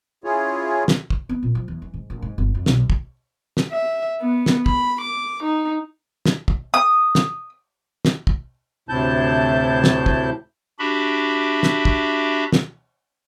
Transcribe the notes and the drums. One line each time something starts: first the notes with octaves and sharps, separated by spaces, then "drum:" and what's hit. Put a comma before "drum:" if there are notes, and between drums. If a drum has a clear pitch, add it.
C#4 E4 F4 G#4 C#5
drum: snare
drum: kick
B3
A#2
F3
E2
E3
G#2
A#1
G#2
G1
F2
B1, drum: snare
drum: kick
drum: snare
E5
B3
drum: snare
B5, drum: kick
D6
D#4
drum: snare
drum: kick
D#6
drum: snare
drum: snare
drum: kick
D2 A2 C3 E4 A5 G6
drum: snare
drum: kick
D4 F#4 G4 E5 B5
drum: snare
drum: kick
drum: snare